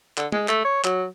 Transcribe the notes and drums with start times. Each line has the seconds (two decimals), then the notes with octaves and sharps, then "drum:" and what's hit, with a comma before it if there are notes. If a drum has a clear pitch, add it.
0.17 D3, drum: clap
0.32 G#3, drum: tom
0.48 A3, drum: clap
0.64 C#5
0.84 F#3, drum: clap